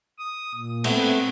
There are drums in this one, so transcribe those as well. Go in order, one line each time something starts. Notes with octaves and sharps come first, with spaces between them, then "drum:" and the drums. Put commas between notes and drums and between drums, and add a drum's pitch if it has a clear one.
D#6
A#2
A3 B3 C4 E4, drum: cymbal